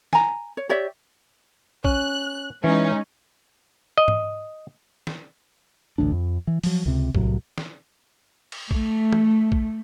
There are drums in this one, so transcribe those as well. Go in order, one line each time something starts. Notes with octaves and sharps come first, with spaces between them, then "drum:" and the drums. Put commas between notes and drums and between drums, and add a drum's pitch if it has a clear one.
G#5 A#5, drum: snare
C#5
G4 C#5 D5 E5
C#4 F#6, drum: kick A#1
E3 G#3 C#4 D#4
D#5
drum: tom
drum: snare
A1 D2 E3 D4
F2
E3
F3 F#3, drum: open hi-hat
C#2 C3
C2 A2 F#3, drum: kick A#1
drum: snare
drum: cymbal
A3, drum: kick A#1
drum: tom
drum: kick A#1